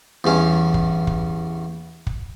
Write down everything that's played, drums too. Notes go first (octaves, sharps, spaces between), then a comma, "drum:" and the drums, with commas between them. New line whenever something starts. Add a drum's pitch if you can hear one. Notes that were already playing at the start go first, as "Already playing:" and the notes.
E2 G2 C#4
drum: kick
drum: kick
drum: kick